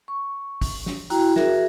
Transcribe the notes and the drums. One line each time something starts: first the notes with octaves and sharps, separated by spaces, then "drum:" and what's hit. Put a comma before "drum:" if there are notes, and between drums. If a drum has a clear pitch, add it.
C#6
drum: kick, open hi-hat
drum: snare
E4 F#4 G5 A#5, drum: open hi-hat
F#4 G#4 A#4 E5, drum: snare